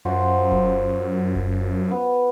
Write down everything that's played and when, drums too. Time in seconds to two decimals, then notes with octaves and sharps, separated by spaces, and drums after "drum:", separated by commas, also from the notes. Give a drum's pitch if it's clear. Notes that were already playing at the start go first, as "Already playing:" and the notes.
0.05 F#2 F3 F#4 C5
0.52 drum: kick F1
1.35 drum: kick F1
1.91 B3